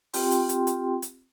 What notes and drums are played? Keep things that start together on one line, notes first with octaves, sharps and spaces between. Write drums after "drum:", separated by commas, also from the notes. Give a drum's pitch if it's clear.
C4 F4 G4 G5 C6, drum: open hi-hat
drum: hi-hat
drum: hi-hat
drum: hi-hat
drum: hi-hat